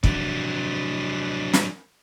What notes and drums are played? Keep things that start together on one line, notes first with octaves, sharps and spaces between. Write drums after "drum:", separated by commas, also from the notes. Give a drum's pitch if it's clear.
C3 F3 F#3 G#3 D4, drum: kick
drum: snare